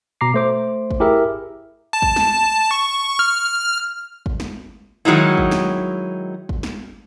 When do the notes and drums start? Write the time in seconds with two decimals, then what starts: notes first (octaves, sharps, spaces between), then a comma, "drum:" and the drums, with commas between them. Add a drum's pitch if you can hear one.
0.21 B2 A#5 D6 C7
0.34 A3 C5 D6
0.91 drum: kick
1.00 E4 G4 G#4 A#4 E5
1.93 A5
2.02 drum: kick
2.16 drum: snare
2.71 C#6
3.19 F6
4.26 drum: kick
4.40 drum: snare
5.05 D#3 F#3 G#3 D#4 E4
5.38 drum: kick
5.51 drum: snare
6.49 drum: kick
6.63 drum: snare